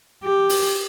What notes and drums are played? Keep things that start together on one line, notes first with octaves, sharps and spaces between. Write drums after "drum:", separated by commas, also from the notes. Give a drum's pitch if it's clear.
G4
drum: open hi-hat